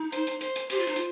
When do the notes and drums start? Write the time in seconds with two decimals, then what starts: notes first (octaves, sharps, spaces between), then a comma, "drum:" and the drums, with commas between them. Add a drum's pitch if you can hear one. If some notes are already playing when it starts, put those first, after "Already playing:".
Already playing: D#4
0.12 C5, drum: hi-hat
0.27 drum: hi-hat
0.41 C5, drum: hi-hat
0.56 drum: hi-hat
0.70 G4 C5, drum: hi-hat
0.79 F4
0.87 D#4, drum: hi-hat
0.96 F4, drum: hi-hat